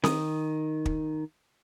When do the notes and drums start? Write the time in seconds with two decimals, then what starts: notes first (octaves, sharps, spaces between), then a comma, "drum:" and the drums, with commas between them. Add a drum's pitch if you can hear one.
0.04 D#3 D#6, drum: snare C4
0.86 drum: kick